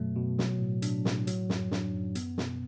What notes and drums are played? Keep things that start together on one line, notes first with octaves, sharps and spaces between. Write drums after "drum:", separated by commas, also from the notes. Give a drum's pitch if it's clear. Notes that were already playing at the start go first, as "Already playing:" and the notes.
Already playing: F#2 B2 F#3 A3
B2
F#3, drum: snare
A2
D4, drum: hi-hat
A2, drum: snare
F#3, drum: hi-hat
F#2, drum: snare
D4, drum: snare
F#2
B3, drum: hi-hat
B2, drum: snare